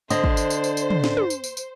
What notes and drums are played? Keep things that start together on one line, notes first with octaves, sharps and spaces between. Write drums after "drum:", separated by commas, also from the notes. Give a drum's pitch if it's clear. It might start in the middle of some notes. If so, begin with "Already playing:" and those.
D3 C5 D#5, drum: tambourine
drum: kick
drum: tambourine
drum: tambourine
drum: tambourine
drum: tambourine
drum: tom
drum: snare
drum: tom
drum: tambourine
drum: tambourine
drum: tambourine